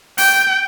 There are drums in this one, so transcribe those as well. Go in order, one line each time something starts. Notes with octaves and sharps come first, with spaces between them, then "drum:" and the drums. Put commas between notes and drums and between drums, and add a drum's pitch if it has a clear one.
G5, drum: open hi-hat